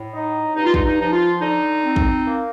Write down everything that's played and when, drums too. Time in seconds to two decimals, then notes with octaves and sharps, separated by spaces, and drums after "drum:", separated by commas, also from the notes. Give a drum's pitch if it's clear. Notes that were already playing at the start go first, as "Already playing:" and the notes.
Already playing: A2
0.13 D#4
0.55 G2 D#4
0.65 F4
0.74 D#4, drum: kick
0.84 D#4
0.98 F3 D#4
1.12 F4
1.40 D3 D#4
1.83 C4
1.96 drum: kick
2.26 A#3